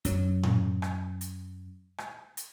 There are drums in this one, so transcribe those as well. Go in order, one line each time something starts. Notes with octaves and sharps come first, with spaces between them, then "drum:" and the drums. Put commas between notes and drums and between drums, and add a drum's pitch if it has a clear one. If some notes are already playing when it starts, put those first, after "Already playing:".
F#2 F#3, drum: hi-hat
drum: tom A2
drum: rim click
drum: hi-hat
drum: rim click
drum: hi-hat